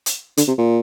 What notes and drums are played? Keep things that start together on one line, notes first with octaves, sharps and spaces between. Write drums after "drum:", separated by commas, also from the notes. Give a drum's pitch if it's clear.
drum: hi-hat
D3, drum: hi-hat
C3
A#2